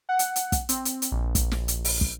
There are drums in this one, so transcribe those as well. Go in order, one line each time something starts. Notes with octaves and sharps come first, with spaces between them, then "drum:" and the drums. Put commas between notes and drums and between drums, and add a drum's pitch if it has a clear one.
F#5
drum: hi-hat
drum: hi-hat
drum: kick, hi-hat
C4, drum: hi-hat
drum: hi-hat
drum: hi-hat
A#1
drum: kick, hi-hat
drum: snare
drum: hi-hat
drum: open hi-hat
drum: kick